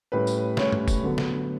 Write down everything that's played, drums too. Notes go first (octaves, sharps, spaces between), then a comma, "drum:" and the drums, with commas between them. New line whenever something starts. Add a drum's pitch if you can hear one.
A2 G3 C#4 B4
drum: tambourine
A2 G3 C#4 C#5, drum: snare
drum: tom G2
drum: kick F1, tambourine
D3 F#3 B3
drum: snare